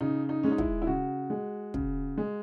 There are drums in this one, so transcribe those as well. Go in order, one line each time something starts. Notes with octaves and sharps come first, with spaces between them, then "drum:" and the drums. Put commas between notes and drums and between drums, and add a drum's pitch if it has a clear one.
C#3 D#4
D#4
G#3 C#4
D#4
E4, drum: kick
E4
C#3 F#4
G#3
C#3, drum: kick
G#3